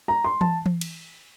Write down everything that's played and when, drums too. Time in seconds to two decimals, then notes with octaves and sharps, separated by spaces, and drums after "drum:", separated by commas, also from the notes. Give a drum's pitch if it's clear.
0.08 A#5
0.24 C6
0.41 A5, drum: tom E3
0.66 drum: tom E3
0.81 drum: cymbal